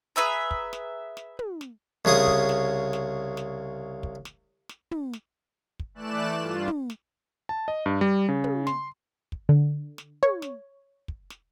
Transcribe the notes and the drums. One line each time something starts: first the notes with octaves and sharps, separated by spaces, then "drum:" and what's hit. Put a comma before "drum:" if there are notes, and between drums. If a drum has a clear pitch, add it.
G#4 B4 E5 A#5
drum: kick
drum: snare
drum: snare
drum: tom
drum: snare
C2 C#3 G#4 D#6
drum: kick
drum: snare
drum: snare
drum: snare
drum: kick
drum: snare
drum: snare
drum: tom
drum: snare
drum: kick
E3 A3 D5 F#6 E7
G2 F4
drum: tom
drum: snare
A5
D#5
G2
G3
C#3
drum: tom
C6, drum: snare
drum: kick
D3
drum: snare
C#5, drum: tom
drum: snare
drum: kick
drum: snare